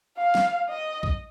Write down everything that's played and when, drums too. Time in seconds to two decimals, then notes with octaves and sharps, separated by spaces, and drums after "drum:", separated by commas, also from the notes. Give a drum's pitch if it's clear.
0.18 F5
0.35 drum: snare
0.70 D#5
1.03 drum: kick B1